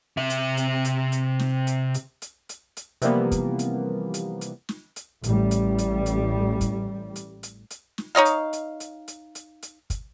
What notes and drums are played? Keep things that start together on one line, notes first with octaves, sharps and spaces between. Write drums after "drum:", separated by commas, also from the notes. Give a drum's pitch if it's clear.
C3 E5
drum: hi-hat
drum: hi-hat
drum: hi-hat
drum: hi-hat
drum: snare
drum: hi-hat
drum: hi-hat
drum: hi-hat
drum: hi-hat
drum: hi-hat
C3 E3 F3 G3 A#3 B3, drum: hi-hat
drum: kick, hi-hat
drum: hi-hat
drum: hi-hat
drum: hi-hat
drum: snare
drum: hi-hat
A1 G3, drum: hi-hat
drum: hi-hat
drum: hi-hat
drum: hi-hat
drum: kick, hi-hat
drum: hi-hat
drum: hi-hat
drum: hi-hat
drum: snare
D#4 C#5 D#5 F5
drum: hi-hat
drum: hi-hat
drum: hi-hat
drum: hi-hat
drum: hi-hat
drum: hi-hat
drum: kick, hi-hat